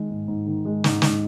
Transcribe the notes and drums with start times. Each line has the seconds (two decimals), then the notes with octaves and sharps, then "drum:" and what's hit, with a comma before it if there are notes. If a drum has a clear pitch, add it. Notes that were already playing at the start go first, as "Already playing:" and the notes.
Already playing: D#3 G#3
0.10 G#2
0.28 G#2
0.46 D#3
0.65 G#3
0.84 G#2, drum: snare
1.02 G#2, drum: snare